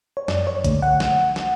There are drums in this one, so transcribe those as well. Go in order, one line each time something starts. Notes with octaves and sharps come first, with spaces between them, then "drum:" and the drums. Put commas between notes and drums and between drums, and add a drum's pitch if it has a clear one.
C#5
F#2 D5, drum: snare
C#5
D3 A3, drum: kick, hi-hat
F#5
drum: snare
drum: snare